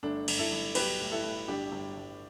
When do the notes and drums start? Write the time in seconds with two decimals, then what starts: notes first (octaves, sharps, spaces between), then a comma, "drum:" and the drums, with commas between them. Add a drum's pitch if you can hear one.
0.03 G1 A3 D4
0.28 G1, drum: cymbal
0.39 E4 A4
0.52 G1
0.75 B1 G4 B4, drum: cymbal
1.00 A2
1.12 E4 A4
1.24 A2
1.48 G1 D4 G4
1.72 G1
1.97 G1